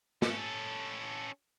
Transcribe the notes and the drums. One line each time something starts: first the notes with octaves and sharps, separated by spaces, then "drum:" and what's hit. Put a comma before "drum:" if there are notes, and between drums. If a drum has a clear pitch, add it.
C#4 A4, drum: snare